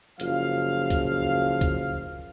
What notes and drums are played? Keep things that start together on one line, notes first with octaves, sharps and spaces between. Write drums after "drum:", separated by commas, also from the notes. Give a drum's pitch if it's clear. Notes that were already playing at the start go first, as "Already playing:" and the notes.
F#1 F3 F4 F5, drum: hi-hat
drum: kick C#2, hi-hat
drum: kick C#2, hi-hat